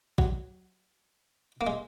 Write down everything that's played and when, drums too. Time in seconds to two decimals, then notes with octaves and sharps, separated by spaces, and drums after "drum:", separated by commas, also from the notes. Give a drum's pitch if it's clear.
0.18 F#3, drum: kick A#1
1.61 A#3
1.67 G#3